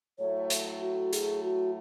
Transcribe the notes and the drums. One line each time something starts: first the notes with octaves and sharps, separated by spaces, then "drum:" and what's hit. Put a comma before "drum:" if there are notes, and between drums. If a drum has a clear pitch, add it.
A2 F#3 A3 C#5
drum: hi-hat
F#4
G#4, drum: hi-hat
F#4